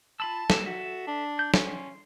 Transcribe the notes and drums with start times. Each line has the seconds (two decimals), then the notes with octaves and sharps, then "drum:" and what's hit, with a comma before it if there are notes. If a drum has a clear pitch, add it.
0.20 F4 A5 B5 E6
0.50 G3 A#3 E5, drum: snare
0.66 F#4 A4 E5
1.07 D4
1.39 G6
1.54 C#4 C6, drum: snare